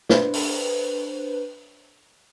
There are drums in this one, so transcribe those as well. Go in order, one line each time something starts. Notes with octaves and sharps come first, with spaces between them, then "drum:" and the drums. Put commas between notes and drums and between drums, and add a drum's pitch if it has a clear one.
D4 B4 C5, drum: snare
drum: open hi-hat